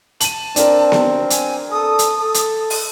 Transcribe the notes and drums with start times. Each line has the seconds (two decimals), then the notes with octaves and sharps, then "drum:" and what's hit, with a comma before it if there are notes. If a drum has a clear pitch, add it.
0.20 A5 D#7 F#7, drum: hi-hat
0.56 C4 D4 A#4, drum: hi-hat
0.92 drum: snare B3
1.30 G#5, drum: hi-hat
1.71 A4 D#6
1.99 drum: hi-hat
2.20 A4
2.34 drum: hi-hat
2.70 drum: open hi-hat